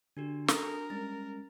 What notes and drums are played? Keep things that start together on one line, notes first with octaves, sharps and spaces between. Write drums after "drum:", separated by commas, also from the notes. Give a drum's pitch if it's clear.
D3 D4 F#4 G4
A4 A#4 D#6, drum: snare
G3 G#3 C#4 A6